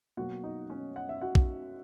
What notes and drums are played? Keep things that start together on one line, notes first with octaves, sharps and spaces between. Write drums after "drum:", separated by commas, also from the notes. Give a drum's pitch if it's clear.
B2 F#3 A#3 F#4 F#5
D#4 D#5
C#4 C#5
F#5
E5
F#4 F#5
drum: kick